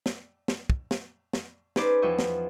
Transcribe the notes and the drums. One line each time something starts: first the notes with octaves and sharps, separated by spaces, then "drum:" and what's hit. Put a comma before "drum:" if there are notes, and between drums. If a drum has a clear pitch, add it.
drum: snare
drum: snare
drum: kick
drum: snare
drum: snare
C#4 D#4 G#4 B4 C5 D5, drum: snare
E2 F3 E4 D#5 G5 C#6
drum: snare